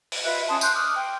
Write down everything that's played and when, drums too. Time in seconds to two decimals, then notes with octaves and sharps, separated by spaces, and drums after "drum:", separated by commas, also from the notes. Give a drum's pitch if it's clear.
0.12 drum: open hi-hat
0.25 F4 B4 E5 F#6
0.48 C#4 A5 C6 D#6
0.61 C6 F#6 G6, drum: tambourine
0.76 D6 D#6 F6 F#6
0.95 G5 C6